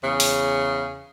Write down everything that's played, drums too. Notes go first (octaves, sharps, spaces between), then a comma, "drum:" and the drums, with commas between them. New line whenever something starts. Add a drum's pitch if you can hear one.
E2 C#3
drum: open hi-hat